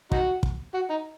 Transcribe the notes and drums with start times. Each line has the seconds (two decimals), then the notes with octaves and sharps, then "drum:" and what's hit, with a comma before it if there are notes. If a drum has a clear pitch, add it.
0.12 D#4 F#4, drum: kick
0.43 drum: kick
0.74 F#4
0.90 D#4